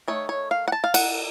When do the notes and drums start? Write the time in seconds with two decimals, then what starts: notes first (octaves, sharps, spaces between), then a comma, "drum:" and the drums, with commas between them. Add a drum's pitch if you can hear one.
0.08 D#3 A3 C#5
0.29 C#5
0.51 F5
0.68 F#5
0.72 A5
0.84 F5
0.94 F#5, drum: cymbal